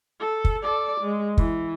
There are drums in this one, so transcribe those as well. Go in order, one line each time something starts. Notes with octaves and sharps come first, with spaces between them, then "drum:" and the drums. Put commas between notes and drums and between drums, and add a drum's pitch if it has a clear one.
A4
drum: kick
A4 D5
G#3
E3, drum: kick